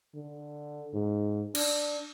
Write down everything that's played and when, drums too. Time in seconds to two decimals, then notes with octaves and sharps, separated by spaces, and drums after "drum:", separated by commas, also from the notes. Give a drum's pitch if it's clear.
0.15 D3
0.94 G#2
1.55 D4, drum: cymbal